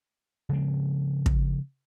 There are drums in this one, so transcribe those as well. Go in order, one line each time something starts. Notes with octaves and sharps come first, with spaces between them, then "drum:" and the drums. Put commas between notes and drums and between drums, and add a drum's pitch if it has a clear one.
C#3 F3 G#3 C4
drum: kick